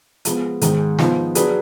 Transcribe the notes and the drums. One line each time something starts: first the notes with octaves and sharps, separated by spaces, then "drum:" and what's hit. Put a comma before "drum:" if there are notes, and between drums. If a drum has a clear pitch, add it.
F3 G#3 B3, drum: hi-hat
G#2 D#3 G#3 D#4, drum: hi-hat
F3 B3 D#4, drum: snare
F#3 D4 G#4 B4, drum: hi-hat